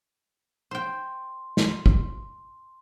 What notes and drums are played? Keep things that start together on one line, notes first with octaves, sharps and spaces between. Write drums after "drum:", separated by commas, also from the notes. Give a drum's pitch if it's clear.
C5 G5 C6
drum: snare
drum: kick